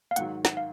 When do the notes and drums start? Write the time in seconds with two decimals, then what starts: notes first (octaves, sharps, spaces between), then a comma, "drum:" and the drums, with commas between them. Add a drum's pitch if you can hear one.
0.11 F5
0.16 G#2 D#3 F#3 F#5, drum: hi-hat
0.45 F#5, drum: snare
0.57 F5